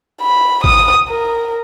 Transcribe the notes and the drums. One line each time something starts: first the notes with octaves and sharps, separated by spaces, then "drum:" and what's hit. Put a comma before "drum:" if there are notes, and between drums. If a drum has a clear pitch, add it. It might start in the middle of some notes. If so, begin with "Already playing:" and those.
B5
D#6, drum: kick
A#4